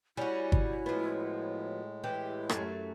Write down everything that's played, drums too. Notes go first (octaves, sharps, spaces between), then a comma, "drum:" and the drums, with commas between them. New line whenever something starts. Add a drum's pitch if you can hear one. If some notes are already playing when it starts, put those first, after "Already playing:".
G3 C#4 E4 F#4
drum: kick
A2 F3 G#3 B3
E3 G4
E4
F#2 F#3 A3, drum: rim click